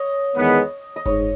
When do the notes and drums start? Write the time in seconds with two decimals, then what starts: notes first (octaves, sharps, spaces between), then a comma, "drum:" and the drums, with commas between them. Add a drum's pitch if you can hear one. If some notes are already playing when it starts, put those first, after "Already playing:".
Already playing: C#5 D#5
0.36 E2 D#3 G#3 B3
0.96 D#5
1.05 G#2 C#5, drum: kick F#1